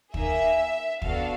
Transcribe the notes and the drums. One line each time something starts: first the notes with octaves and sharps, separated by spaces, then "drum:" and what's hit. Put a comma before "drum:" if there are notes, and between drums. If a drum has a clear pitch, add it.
A#3 D#4 G#4 E5, drum: kick
B3 D4 F#4 A4 F5, drum: kick